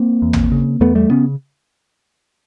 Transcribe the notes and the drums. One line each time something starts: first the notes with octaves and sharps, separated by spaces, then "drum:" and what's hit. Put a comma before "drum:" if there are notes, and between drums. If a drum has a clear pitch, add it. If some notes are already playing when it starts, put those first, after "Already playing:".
Already playing: A#3 C4
E2
drum: tom
C#3
E2 A3 B3
G3 A3
C#3 B3 C#4